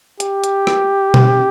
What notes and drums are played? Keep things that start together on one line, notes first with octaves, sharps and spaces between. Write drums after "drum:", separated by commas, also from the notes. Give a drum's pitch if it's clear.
G4, drum: hi-hat
drum: hi-hat
drum: rim click
drum: tom B2